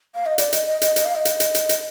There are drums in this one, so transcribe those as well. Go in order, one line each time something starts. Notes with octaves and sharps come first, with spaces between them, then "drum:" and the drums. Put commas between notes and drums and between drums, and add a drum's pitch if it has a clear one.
F5
D#5
D5, drum: hi-hat
D#5, drum: hi-hat
D#5
D#5, drum: hi-hat
D#5, drum: hi-hat
F5
D#5
drum: hi-hat
drum: hi-hat
drum: hi-hat
drum: hi-hat